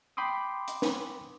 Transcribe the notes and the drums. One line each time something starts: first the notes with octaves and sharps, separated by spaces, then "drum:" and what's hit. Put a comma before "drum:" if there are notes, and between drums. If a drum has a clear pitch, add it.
G5 B5 C6 D6 D#6
drum: hi-hat
drum: snare